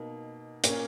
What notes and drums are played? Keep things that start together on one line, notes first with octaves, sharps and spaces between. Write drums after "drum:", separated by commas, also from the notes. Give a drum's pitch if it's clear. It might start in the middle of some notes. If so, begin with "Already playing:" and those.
Already playing: B2 A#3 D#4
A#2 A#3 C#4, drum: hi-hat